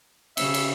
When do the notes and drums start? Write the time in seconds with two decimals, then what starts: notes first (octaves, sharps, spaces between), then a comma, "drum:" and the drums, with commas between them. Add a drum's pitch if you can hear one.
0.37 C#3 E5, drum: cymbal
0.54 drum: cymbal